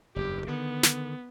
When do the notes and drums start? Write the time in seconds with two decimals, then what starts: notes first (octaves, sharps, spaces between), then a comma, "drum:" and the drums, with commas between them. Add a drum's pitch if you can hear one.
0.16 F#1 E2 G2 G4
0.48 D3 D#3 B3
0.83 drum: snare